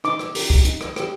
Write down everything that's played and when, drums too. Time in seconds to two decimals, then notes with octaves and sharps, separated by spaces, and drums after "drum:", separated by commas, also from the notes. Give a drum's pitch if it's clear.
0.04 D#4 D6, drum: rim click
0.19 drum: rim click
0.35 G4 A#4, drum: open hi-hat
0.50 drum: kick
0.65 D#4, drum: hi-hat
0.81 drum: rim click
0.96 G4 A#4, drum: rim click